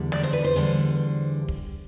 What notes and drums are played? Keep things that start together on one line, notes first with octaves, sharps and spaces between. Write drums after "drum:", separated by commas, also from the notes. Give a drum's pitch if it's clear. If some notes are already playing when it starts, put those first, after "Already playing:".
Already playing: E2 D3 G3
D5, drum: snare
C5, drum: hi-hat
B4
C5
E2 D3 G3
drum: kick